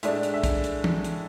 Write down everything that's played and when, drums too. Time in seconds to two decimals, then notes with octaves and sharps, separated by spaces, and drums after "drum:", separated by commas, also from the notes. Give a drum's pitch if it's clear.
0.03 A2 G#3 D4 E5, drum: hi-hat
0.23 drum: hi-hat
0.34 E5
0.44 drum: kick, hi-hat
0.64 drum: hi-hat
0.84 drum: tom E3
1.04 drum: hi-hat